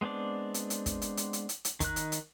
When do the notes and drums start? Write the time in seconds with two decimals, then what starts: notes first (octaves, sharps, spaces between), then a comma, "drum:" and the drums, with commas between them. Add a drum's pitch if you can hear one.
0.01 G#3 B3 C4 D4 D5
0.54 drum: hi-hat
0.70 drum: hi-hat
0.86 drum: kick, hi-hat
1.02 drum: hi-hat
1.17 drum: hi-hat
1.33 drum: hi-hat
1.49 drum: hi-hat
1.65 drum: hi-hat
1.80 D#3 D#4 F#6, drum: kick, hi-hat
1.96 drum: hi-hat
2.12 drum: hi-hat